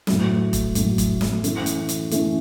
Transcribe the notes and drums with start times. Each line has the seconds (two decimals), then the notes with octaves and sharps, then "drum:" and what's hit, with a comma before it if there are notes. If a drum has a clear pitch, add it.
0.07 A2 F#3 A3, drum: snare
0.53 drum: kick E1, hi-hat
0.75 A2 F#3 A3, drum: hi-hat
0.98 drum: kick E1, hi-hat
1.21 drum: snare
1.44 E3 A3 C#4, drum: hi-hat
1.66 drum: hi-hat
1.89 drum: hi-hat
2.11 E3 A3 C#4, drum: hi-hat